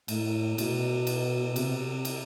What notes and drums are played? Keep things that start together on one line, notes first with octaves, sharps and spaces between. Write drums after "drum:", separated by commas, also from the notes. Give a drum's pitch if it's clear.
A2, drum: cymbal
B2, drum: cymbal
drum: cymbal
C3, drum: cymbal
drum: cymbal